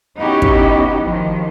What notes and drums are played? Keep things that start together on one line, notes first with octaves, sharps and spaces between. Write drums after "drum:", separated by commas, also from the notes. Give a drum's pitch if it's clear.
B3 C#4 D#4 E4 F#4 G4
drum: kick
D#3 F3